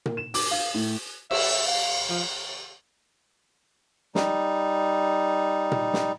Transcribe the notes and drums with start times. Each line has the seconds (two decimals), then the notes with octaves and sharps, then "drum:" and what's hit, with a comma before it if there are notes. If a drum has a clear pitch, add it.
0.06 A#3, drum: tom A#2
0.17 E7
0.34 D6, drum: open hi-hat
0.51 F5
0.74 A2
1.31 E5, drum: cymbal
1.67 F5
2.09 F3
4.15 G3 D#4, drum: snare
5.72 drum: tom A#2
5.93 drum: snare